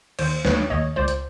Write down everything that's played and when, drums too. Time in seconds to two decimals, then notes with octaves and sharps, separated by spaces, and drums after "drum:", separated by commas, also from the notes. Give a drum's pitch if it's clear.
0.19 D#2 C5, drum: cymbal
0.45 D#2 B4 C#5, drum: snare
0.70 D#2 C#5 D#5
0.96 C#2 C5 D5
1.08 drum: hi-hat